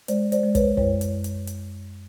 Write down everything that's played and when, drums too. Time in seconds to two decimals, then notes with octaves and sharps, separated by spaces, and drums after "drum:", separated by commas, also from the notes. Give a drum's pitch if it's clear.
0.08 G#3 C5 D5, drum: hi-hat
0.32 C5 D5, drum: hi-hat
0.44 G#3
0.55 B4 C#5, drum: kick, hi-hat
0.77 F#2 B4 C#5, drum: kick
1.01 drum: hi-hat
1.24 drum: hi-hat
1.47 drum: hi-hat